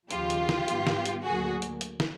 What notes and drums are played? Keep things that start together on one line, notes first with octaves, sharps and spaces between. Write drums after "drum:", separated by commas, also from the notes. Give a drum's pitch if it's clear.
D#2 C#3 F3 G#3 F4 G4, drum: hi-hat
drum: hi-hat
drum: snare
G#2 D#3 G3 B3, drum: hi-hat
drum: snare
drum: hi-hat
D2 D3 F#3 A#3 F#4 G#4
drum: hi-hat
drum: hi-hat
drum: snare